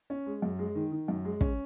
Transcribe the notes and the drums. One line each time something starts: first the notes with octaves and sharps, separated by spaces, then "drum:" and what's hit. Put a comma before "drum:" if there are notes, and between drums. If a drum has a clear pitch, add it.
C#4
G#3
F#2
G#3
D#3
D#3
F#2
G#3
C#4, drum: kick